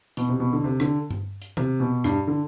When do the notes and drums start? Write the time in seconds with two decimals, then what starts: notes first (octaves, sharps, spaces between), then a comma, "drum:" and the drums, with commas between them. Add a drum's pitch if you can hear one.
0.17 B2, drum: hi-hat
0.29 C3
0.40 B2
0.53 D3
0.64 C3
0.80 D3, drum: rim click
1.10 drum: tom G2
1.42 drum: hi-hat
1.57 C3, drum: tom D#3
1.80 B2
2.04 G2, drum: rim click
2.27 D3